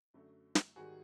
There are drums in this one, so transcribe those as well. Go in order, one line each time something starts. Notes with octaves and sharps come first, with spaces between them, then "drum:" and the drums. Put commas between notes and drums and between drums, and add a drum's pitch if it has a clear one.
F#2 D3 F#3 A3
drum: snare
G#2 D#3 G3 F#4 G#4